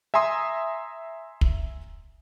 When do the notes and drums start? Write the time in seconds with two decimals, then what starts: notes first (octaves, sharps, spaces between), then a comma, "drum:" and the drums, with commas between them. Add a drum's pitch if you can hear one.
0.14 E5 G#5 A#5 C6 D#6
1.41 drum: kick